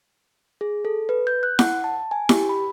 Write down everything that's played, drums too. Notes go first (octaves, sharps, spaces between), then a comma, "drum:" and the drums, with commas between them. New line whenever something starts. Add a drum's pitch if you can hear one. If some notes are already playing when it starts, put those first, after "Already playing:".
G#4
A4
B4
G6
F#6
F#5, drum: snare E4
A5
G#5
G4, drum: snare E4
B5